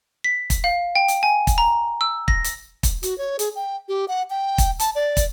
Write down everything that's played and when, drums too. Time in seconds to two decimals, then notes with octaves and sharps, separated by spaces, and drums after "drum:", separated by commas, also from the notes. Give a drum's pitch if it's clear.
0.24 B6
0.50 drum: kick, hi-hat
0.64 F5
0.95 G5
1.08 drum: hi-hat
1.23 G#5
1.47 drum: kick, hi-hat
1.58 A#5
2.01 E6
2.28 A#6, drum: kick
2.44 drum: hi-hat
2.83 drum: kick, hi-hat
3.03 F#4, drum: hi-hat
3.18 C#5
3.39 G#4, drum: hi-hat
3.55 G5
3.88 G4
4.08 F#5
4.30 G5
4.58 drum: kick, hi-hat
4.80 A5, drum: hi-hat
4.95 D5
5.17 drum: kick, hi-hat